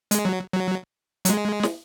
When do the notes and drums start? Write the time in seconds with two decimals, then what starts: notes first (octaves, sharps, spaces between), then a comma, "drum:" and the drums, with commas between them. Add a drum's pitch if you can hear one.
0.11 G#3, drum: hi-hat
0.25 F#3
0.53 F#3
1.25 F#3, drum: hi-hat
1.30 G#3
1.63 drum: snare